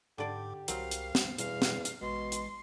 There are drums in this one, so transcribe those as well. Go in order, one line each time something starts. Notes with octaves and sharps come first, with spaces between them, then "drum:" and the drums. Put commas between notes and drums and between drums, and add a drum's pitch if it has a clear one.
G#2 D3 G4 D5 D6
C2 F#3 C4 A#4 F5, drum: hi-hat
drum: hi-hat
drum: snare
E2 B2 G3 F5, drum: hi-hat
drum: snare
drum: hi-hat
A1 B2 G#3 C6
drum: hi-hat